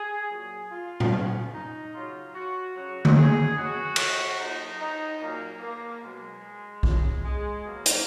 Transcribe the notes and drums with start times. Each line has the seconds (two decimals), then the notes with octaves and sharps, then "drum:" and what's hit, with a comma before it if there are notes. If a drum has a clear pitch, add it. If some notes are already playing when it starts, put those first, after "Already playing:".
Already playing: G#4
0.30 A#2 F#3 G#4
0.71 F4
1.00 drum: tom A#2
1.12 A#2 F3 C#4
1.53 D#4
1.94 C#3 F#3 F4
2.34 F#4
2.75 C#3 F#3 F#4
3.05 drum: tom D3
3.16 G#4
3.57 B2 F#3 F#4
3.96 drum: cymbal
4.38 A#2 F#3 D#4
4.80 D#4
5.20 A#2 F#3 A#3
5.61 A#3
6.02 B2 F#3 G#3
6.83 C#3 F#3, drum: kick B1
7.25 G#3
7.65 B2 F#3 A#3
7.86 drum: hi-hat